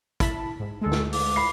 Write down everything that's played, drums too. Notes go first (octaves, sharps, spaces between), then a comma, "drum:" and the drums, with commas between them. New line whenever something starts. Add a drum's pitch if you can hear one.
E4 A5 B5, drum: kick, hi-hat
G#2
D2 G#3 A4
drum: snare
D6, drum: open hi-hat
B5 C7